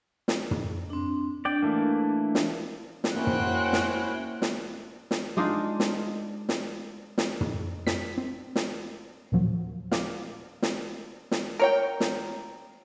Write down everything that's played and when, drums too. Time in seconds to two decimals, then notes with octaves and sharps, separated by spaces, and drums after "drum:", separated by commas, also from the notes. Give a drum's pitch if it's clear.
0.28 drum: snare
0.51 drum: tom
0.90 C4 D4
1.45 D4 D5 G5
1.63 E3 A3 A#3
2.35 drum: snare
3.04 drum: snare
3.15 A#3 C#4 E4 F#4 C5 G5 F#6
3.27 drum: tom
3.73 drum: snare
4.42 drum: snare
5.11 drum: snare
5.37 G#3 D4 D#4 F4
5.80 drum: snare
6.49 drum: snare
7.18 drum: snare
7.41 drum: tom
7.87 B6, drum: snare
8.18 C4
8.56 drum: snare
9.32 D#2 A#2 F3 F#3
9.92 F5 D6, drum: snare
10.62 drum: snare
11.31 drum: snare
11.60 A#4 C#5 G5
12.00 drum: snare